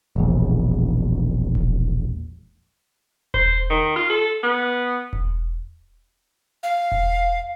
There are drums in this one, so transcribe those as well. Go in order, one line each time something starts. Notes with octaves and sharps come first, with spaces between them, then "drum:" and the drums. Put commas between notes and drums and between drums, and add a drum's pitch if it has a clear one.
E1 A#1
drum: kick E1
C5, drum: kick E1
D#3
F4
A4
B3
drum: kick E1
F5
drum: kick E1